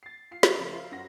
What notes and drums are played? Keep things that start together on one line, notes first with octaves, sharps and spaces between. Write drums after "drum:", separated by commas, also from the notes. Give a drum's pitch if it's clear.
A6 C7
F4 C7
C5 D5 E5 A#5, drum: snare
C#3 F3 A3 F4
F4 A#4 C5 E5 F5
F#2 F#4 A#6